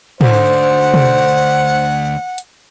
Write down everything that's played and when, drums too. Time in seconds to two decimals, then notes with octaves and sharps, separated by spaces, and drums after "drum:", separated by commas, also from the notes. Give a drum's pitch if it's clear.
0.21 D2 D3 C5 F#5, drum: tom
0.94 drum: tom
2.38 drum: hi-hat